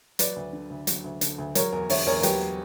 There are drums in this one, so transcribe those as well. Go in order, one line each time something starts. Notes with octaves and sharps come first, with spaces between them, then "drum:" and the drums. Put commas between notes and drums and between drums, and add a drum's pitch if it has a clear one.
F#3 B4 D5, drum: hi-hat
D2
D3
D2
F#3, drum: hi-hat
D2
D3, drum: hi-hat
D2
F#3 A#4 C#5, drum: hi-hat
E2 A#4
D3 C#5 E5, drum: open hi-hat
E2 A#4 C#5
A#4
F#3 G4 B4, drum: hi-hat